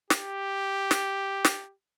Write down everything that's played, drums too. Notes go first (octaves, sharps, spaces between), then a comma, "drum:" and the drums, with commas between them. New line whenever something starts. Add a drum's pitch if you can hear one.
G4, drum: snare
drum: snare
drum: snare